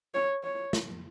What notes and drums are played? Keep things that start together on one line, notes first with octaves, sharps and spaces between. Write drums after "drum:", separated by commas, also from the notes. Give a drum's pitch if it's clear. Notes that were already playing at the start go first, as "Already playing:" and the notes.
C#5
C#5
drum: snare